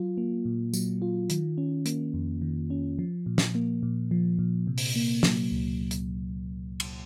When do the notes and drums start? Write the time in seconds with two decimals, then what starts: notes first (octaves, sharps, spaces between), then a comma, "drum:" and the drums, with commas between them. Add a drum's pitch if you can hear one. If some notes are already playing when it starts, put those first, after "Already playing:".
Already playing: F#3 F4
0.18 A#3
0.45 A#2
0.74 F#3, drum: tambourine
1.02 F4
1.30 D#3, drum: hi-hat
1.58 C#4
1.86 A#3, drum: hi-hat
2.14 F2
2.42 D#3
2.70 C#4
2.99 F3
3.26 A#2
3.38 drum: snare
3.55 A#3
3.83 A#2
4.11 F3
4.39 A#2
4.67 C3
4.78 drum: open hi-hat
4.96 A#3
5.23 F#3, drum: snare
5.52 C#2
5.91 drum: hi-hat
6.80 drum: cymbal